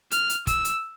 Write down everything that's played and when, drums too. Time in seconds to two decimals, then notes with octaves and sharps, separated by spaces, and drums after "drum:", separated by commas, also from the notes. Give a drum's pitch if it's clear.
0.11 F6, drum: hi-hat
0.29 drum: hi-hat
0.47 E6, drum: kick, hi-hat
0.65 drum: hi-hat